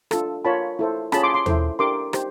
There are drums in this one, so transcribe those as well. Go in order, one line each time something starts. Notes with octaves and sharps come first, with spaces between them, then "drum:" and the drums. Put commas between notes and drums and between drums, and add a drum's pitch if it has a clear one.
D4 F4 A4, drum: rim click
F4 A#4 C#5 A5 B5
E4 A4 C5
C#4 F4 G#4 C#5 A5 B5, drum: rim click
C6 D6
C6 D6
E4 A4 C5, drum: tom D#2
D4 G4 A#4 C6 D6
D#4 G4 C5, drum: rim click